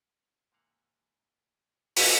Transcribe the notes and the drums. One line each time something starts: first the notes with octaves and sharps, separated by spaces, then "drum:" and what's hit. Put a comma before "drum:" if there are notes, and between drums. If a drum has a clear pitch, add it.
G#2 C3 E3 A#3 F5 F#5
drum: open hi-hat